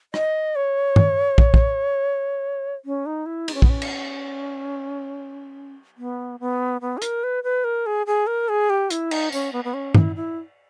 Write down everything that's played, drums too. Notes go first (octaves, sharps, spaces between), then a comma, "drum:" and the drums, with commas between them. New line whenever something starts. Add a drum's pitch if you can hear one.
D#5, drum: rim click
C#5
drum: tom G2
drum: kick
drum: kick
C#4
D#4
E4
D#4, drum: cymbal
C#4
B3, drum: kick
C#4
drum: cymbal
B3
B3
B3
G#4
A#4, drum: hi-hat
B4
B4
A#4
G#4
G#4
A#4
G#4
G4
E4, drum: hi-hat
D#4, drum: cymbal
C#4, drum: tambourine
B3
B3
C#4
E4, drum: tom G2
E4